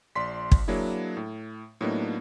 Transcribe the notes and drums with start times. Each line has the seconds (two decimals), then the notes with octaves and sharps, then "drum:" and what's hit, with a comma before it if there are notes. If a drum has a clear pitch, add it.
0.15 A#1 D5 C6 B6
0.52 drum: kick
0.68 F#3 A#3 D4 E4 G#4
1.17 A2
1.81 A2 F#3 A#3 B3 D4 D#4